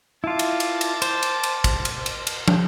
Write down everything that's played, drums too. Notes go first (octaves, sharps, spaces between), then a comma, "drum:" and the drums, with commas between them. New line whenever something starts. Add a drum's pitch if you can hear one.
E4 F4 A5 D6
drum: cymbal
drum: cymbal
drum: cymbal
C5, drum: cymbal
drum: cymbal
drum: cymbal
drum: kick, cymbal
drum: cymbal
drum: cymbal
drum: cymbal
drum: tom